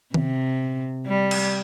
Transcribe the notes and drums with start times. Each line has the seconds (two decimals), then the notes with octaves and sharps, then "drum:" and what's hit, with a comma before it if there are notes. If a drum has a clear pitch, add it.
0.14 C3, drum: tom D#3
1.06 G3
1.31 drum: cymbal